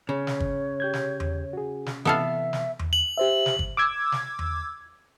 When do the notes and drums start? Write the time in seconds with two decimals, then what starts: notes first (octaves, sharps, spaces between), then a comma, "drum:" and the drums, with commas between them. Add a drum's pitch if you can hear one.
0.09 C#3 C#5
0.27 drum: snare
0.40 drum: kick G1
0.80 G4 G6 G#6
0.93 drum: snare
1.20 drum: tom E2
1.53 F#4 G#4
1.86 drum: snare
2.05 C3 E3 B3 A4 E5 F5
2.53 drum: snare
2.79 drum: tom E2
2.93 F#7
3.18 G4 C5 E5
3.46 drum: snare
3.59 drum: kick G1
3.77 D6 E6 G#6
4.12 drum: snare
4.39 drum: tom E2